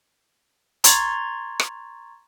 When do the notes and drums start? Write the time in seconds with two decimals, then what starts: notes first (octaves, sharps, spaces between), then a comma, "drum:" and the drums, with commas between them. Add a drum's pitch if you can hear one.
0.84 A#5 C6 C#6 G#6 A6, drum: hi-hat
1.60 drum: rim click